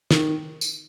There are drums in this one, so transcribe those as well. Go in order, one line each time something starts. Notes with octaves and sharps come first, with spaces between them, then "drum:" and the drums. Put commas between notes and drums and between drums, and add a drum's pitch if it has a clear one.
D#3, drum: snare
drum: tambourine